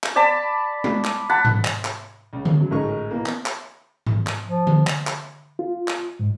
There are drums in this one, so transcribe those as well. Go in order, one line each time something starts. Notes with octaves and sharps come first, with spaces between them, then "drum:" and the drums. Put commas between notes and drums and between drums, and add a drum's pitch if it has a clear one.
drum: clap
D5 A5 B5
drum: tom G#3
drum: clap
F#5 A5 B5
drum: tom G#2
drum: clap
drum: clap
C#2
drum: tom D3
F#2 F#3
A1 G#2 G#3 D#4 A#4 C#6
B2 E3 A#3
drum: clap
drum: clap
drum: tom G#2
drum: clap
F3
drum: tom D3
drum: clap
drum: clap
F4
drum: clap
G#2